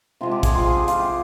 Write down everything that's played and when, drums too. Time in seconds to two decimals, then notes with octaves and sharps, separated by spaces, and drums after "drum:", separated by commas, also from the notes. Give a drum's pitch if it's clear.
0.21 C3 F3 G#3 F4
0.31 G4
0.43 G#4, drum: kick A#1, hi-hat
0.55 F4
0.66 G#4
0.76 G4
0.88 F4, drum: hi-hat
0.99 G4